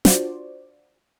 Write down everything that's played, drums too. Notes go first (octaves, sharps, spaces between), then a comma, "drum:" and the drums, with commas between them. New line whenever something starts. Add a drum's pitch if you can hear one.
D4 F4 F#4 C5 D5, drum: snare